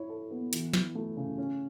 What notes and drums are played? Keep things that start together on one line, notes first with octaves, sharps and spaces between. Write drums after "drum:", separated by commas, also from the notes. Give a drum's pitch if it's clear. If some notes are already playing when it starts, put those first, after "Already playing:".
Already playing: E4 C#5
A4
B3
E3, drum: hi-hat
E4, drum: snare
A3
C#3
C#4